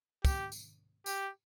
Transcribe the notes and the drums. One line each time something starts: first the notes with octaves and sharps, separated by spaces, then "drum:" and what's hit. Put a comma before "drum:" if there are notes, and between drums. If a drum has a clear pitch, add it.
G4, drum: kick, tambourine
drum: tambourine
G4, drum: tambourine